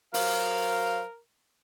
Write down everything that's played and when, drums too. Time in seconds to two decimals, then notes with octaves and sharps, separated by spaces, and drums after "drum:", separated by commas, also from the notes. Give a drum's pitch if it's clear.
0.14 F#3 A#4 C5 F5, drum: open hi-hat